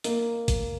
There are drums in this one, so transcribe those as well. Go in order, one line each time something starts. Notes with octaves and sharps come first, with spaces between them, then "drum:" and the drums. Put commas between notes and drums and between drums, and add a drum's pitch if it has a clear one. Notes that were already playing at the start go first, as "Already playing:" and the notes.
A#3, drum: hi-hat
drum: kick, hi-hat